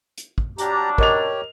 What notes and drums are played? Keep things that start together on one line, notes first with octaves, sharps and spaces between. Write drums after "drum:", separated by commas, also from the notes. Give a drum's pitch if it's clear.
drum: hi-hat
drum: kick
F#3 G3 D4 G4 A#5, drum: hi-hat
G4 A#4 C#5 D#5 F7, drum: kick